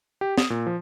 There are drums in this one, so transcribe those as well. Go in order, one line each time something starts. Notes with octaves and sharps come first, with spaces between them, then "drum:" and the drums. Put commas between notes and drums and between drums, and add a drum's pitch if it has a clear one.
G4
D#6, drum: snare
A#2
F3